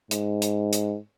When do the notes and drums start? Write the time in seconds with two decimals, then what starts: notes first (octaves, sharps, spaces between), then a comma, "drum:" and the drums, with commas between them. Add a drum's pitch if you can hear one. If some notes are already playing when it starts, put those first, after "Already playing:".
0.11 G#2, drum: hi-hat
0.42 drum: hi-hat
0.73 drum: hi-hat